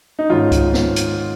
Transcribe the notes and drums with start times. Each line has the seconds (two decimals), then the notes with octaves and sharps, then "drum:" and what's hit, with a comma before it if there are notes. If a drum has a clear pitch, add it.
0.19 D#4
0.29 G#2 D#3 C#4 F4
0.52 drum: kick C#2, hi-hat
0.74 drum: snare
0.96 drum: hi-hat